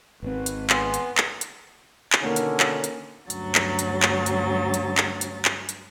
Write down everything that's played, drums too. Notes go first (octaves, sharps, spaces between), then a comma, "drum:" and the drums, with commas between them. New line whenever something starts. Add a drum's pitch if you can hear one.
G#1 C4 B4
drum: hi-hat
B3 G#5 C6, drum: clap
drum: hi-hat
drum: clap
drum: hi-hat
drum: clap
B2 D3 D#3 A#3 C#4 A#4
drum: hi-hat
drum: clap
drum: hi-hat
D2 G2 F#3 C#4 A6, drum: hi-hat
drum: clap
drum: hi-hat
drum: clap
drum: hi-hat
drum: hi-hat
drum: clap
drum: hi-hat
drum: clap
drum: hi-hat